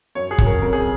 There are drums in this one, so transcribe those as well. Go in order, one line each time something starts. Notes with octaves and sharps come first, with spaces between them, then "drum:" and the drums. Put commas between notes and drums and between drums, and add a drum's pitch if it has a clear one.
F#2 C#5
G#4
C#3 F#3, drum: kick
A#4
F2 A#4
G#4